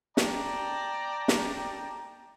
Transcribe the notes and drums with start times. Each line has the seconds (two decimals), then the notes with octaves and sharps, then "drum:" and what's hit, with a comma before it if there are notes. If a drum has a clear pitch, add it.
0.17 D5 G5 A5 A#5, drum: snare
1.28 drum: snare